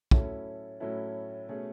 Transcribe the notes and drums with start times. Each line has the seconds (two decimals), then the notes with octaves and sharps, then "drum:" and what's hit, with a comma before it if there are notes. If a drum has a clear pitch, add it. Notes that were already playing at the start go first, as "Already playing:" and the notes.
0.11 A2 F#3 C#4 E4 A4, drum: kick
0.80 A2 F#3 C#4 E4 A4
1.48 B2 A3 C#4 G#4